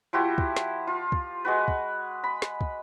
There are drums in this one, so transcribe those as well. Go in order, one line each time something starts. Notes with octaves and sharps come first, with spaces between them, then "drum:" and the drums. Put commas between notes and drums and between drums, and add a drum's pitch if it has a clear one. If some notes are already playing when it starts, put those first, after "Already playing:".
F3 E4 F#4 G4
drum: kick
drum: snare
F4
drum: kick
G#3 F#4 B4
drum: kick
B5
drum: snare
drum: kick